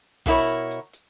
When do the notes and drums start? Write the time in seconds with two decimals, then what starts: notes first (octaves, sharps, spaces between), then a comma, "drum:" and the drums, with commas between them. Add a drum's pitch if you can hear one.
0.26 B2 A3 E4 A#4 C#5, drum: kick, hi-hat
0.48 drum: hi-hat
0.71 drum: hi-hat
0.93 drum: hi-hat